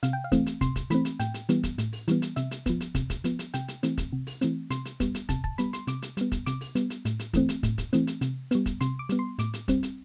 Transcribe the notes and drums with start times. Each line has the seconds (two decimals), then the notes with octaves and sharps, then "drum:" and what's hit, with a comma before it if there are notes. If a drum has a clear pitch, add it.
0.03 C3 F5, drum: hi-hat
0.13 G5
0.24 F5
0.32 E3 A3 C4, drum: kick, hi-hat
0.46 drum: hi-hat
0.61 C3 C6, drum: kick, hi-hat
0.76 drum: kick, hi-hat
0.90 E3 A3 C4 B5, drum: hi-hat
1.05 drum: hi-hat
1.20 A2 G5, drum: hi-hat
1.34 drum: hi-hat
1.49 E3 G3 B3, drum: hi-hat
1.63 drum: kick, hi-hat
1.78 A2, drum: hi-hat
1.93 drum: open hi-hat
2.08 E3 G3 B3, drum: hi-hat
2.22 drum: hi-hat
2.36 C3 E5, drum: hi-hat
2.51 drum: hi-hat
2.66 F3 B3, drum: kick, hi-hat
2.80 drum: hi-hat
2.95 C3, drum: kick, hi-hat
3.10 drum: kick, hi-hat
3.24 F3 B3, drum: hi-hat
3.39 drum: hi-hat
3.54 C3 G5, drum: hi-hat
3.68 drum: hi-hat
3.83 E3 A3 C4, drum: hi-hat
3.98 drum: kick, hi-hat
4.13 C3
4.27 drum: open hi-hat
4.41 E3 A3 C4, drum: hi-hat
4.70 C3 C6, drum: hi-hat
4.85 drum: hi-hat
5.00 G3 B3, drum: kick, hi-hat
5.15 drum: hi-hat
5.29 C3 A5, drum: kick, hi-hat
5.44 A5, drum: kick
5.58 G3 B3 B5, drum: hi-hat
5.73 C6, drum: hi-hat
5.87 C3 D6, drum: hi-hat
6.02 drum: hi-hat
6.17 G3 B3, drum: hi-hat
6.32 drum: kick, hi-hat
6.46 C3 D6, drum: hi-hat
6.61 drum: open hi-hat
6.75 G3 B3, drum: hi-hat
6.90 drum: hi-hat
7.05 A2, drum: hi-hat
7.19 drum: hi-hat
7.34 E3 A3 C4, drum: kick, hi-hat
7.49 drum: hi-hat
7.63 A2, drum: kick, hi-hat
7.78 drum: kick, hi-hat
7.93 E3 A3 C4, drum: hi-hat
8.07 drum: hi-hat
8.21 C3, drum: hi-hat
8.51 G3 B3, drum: hi-hat
8.66 drum: kick, hi-hat
8.81 C3 C6, drum: hi-hat
8.99 D6
9.09 G3 B3, drum: hi-hat
9.19 C6
9.39 A2 D6, drum: hi-hat
9.53 drum: hi-hat
9.68 G3 C4, drum: kick, hi-hat
9.83 drum: hi-hat